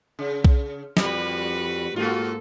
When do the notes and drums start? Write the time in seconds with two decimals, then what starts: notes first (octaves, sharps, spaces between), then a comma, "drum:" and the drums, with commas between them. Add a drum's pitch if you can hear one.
0.19 C#3
0.45 drum: kick B1
0.97 F2 G3 F#4 B4, drum: snare
1.96 G#2 A#3 F4 F#4 A4